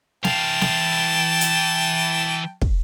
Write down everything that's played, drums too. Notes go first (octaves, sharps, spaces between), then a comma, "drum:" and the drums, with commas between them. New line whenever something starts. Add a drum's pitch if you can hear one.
E3 F5 G5 A5, drum: snare
drum: snare
drum: hi-hat
drum: kick